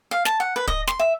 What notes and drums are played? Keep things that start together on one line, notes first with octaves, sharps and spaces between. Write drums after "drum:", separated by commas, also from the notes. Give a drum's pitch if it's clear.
F5
A5, drum: snare
F#5
B4
D#5, drum: kick
C6, drum: snare
E5